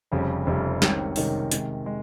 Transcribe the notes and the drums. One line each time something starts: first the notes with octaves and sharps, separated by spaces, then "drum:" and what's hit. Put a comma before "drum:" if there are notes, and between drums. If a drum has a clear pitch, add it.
F1 F2 C#3 G3
F1 F2 C#3 G3
C2 C3 D#3 G#3 C#4, drum: snare
C2 C3 D#3 G#3 C#4, drum: open hi-hat
C3 D#3 G#3, drum: hi-hat
G#3